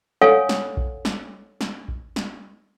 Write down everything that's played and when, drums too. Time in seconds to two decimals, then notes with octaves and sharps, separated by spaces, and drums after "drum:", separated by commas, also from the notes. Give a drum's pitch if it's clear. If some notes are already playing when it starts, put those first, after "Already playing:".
0.21 A4 C#5 F5 F#5 G#5
0.49 drum: snare
0.77 drum: kick A#1
1.05 drum: snare
1.61 drum: snare
1.88 drum: kick A#1
2.16 drum: snare